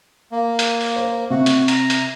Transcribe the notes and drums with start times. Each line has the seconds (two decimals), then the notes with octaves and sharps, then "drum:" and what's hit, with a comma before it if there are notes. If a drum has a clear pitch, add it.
0.32 A#3
0.59 drum: hi-hat
0.81 drum: open hi-hat
0.96 C5
1.30 C3 F#4
1.46 drum: hi-hat
1.68 A#5, drum: hi-hat
1.90 drum: hi-hat